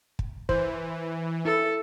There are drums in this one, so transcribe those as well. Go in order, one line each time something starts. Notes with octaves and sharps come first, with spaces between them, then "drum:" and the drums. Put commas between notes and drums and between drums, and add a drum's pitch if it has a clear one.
drum: kick
E3 C5, drum: kick
E4 A4